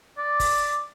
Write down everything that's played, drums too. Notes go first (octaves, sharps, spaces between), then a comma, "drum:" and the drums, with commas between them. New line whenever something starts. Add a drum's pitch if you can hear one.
D5
drum: kick F#1, open hi-hat